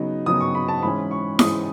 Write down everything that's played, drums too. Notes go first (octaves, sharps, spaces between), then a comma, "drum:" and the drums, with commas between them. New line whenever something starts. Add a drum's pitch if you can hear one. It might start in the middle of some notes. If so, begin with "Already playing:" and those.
Already playing: C#3 F#3 B3 D#4
C#3 F#3 B3 D#4 D#6
C#6
B5
A5
G#2 E3 G#3 C#4 B5
C#6
G#2 E3 G#3 C#4 D#6, drum: snare E4